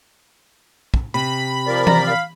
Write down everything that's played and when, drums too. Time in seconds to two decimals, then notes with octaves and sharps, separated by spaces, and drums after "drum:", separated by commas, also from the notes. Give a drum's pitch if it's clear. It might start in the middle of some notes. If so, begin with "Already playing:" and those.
0.94 drum: kick
1.14 C3 B5
1.67 F3 A#4 D5
1.87 A#5, drum: tom E3
2.07 F5